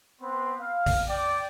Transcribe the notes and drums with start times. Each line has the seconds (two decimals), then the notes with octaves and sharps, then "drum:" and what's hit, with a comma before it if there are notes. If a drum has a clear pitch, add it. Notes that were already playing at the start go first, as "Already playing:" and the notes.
0.21 B3 C4 B4 C6
0.60 F5
0.86 drum: kick A#1, open hi-hat
1.07 D5 G5